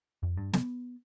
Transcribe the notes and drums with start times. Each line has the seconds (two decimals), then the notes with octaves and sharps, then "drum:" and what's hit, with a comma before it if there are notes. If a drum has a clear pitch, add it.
0.23 F2
0.37 G2
0.53 B3, drum: snare